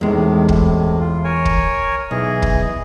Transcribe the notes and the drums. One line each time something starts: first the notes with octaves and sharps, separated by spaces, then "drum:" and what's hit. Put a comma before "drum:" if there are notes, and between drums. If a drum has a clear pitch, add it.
E2 A2 C3 D#3 G#3
A2 C3, drum: kick
F4
A#4 C#5 G#5
drum: kick
B1 E3 G#4 D#5
drum: kick